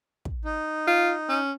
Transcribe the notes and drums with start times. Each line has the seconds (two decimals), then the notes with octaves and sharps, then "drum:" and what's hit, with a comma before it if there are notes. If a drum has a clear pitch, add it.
0.25 drum: kick
0.45 D#4
0.87 F4
1.29 C#4